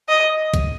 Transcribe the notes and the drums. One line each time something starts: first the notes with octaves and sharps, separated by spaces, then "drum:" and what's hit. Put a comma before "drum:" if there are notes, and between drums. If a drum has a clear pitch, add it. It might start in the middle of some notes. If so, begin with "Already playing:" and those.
D#5
drum: kick, hi-hat